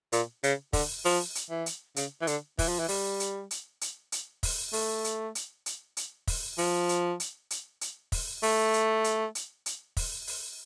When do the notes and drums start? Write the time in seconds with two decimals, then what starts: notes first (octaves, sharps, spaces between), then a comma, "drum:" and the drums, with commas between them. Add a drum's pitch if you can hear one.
0.12 A#2, drum: hi-hat
0.43 C#3, drum: hi-hat
0.73 D3, drum: kick, open hi-hat
1.05 F3, drum: open hi-hat
1.35 drum: hi-hat
1.50 E3
1.66 drum: hi-hat
1.96 C#3, drum: hi-hat
2.21 E3
2.27 D3, drum: hi-hat
2.59 E3, drum: kick, open hi-hat
2.69 F3
2.79 E3
2.88 G3, drum: open hi-hat
3.20 drum: hi-hat
3.51 drum: hi-hat
3.81 drum: hi-hat
4.12 drum: hi-hat
4.43 drum: kick, open hi-hat
4.73 A3, drum: open hi-hat
5.04 drum: hi-hat
5.35 drum: hi-hat
5.66 drum: hi-hat
5.97 drum: hi-hat
6.27 drum: kick, open hi-hat
6.58 F3, drum: open hi-hat
6.89 drum: hi-hat
7.20 drum: hi-hat
7.50 drum: hi-hat
7.81 drum: hi-hat
8.12 drum: kick, open hi-hat
8.43 A3, drum: open hi-hat
8.74 drum: hi-hat
9.04 drum: hi-hat
9.35 drum: hi-hat
9.66 drum: hi-hat
9.97 drum: kick, open hi-hat
10.27 drum: open hi-hat